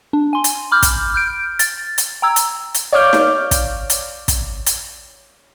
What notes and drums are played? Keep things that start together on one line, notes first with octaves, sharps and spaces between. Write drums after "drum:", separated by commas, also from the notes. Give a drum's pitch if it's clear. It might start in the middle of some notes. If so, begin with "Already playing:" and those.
D4
G#5 C6
drum: hi-hat
B5 D6 F6 G6
drum: kick, hi-hat
F6 G6 D7
A6, drum: hi-hat
drum: hi-hat
G5 A#5 E6 G#6
drum: hi-hat
drum: hi-hat
C#5 D5 F5 D6 F6 G6
drum: snare D#4
drum: kick, hi-hat
drum: hi-hat
drum: kick, hi-hat
drum: hi-hat